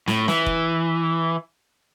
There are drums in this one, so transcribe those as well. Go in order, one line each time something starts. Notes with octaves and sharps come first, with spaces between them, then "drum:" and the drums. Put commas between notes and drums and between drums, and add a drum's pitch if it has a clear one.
A2, drum: snare
E3, drum: snare
drum: kick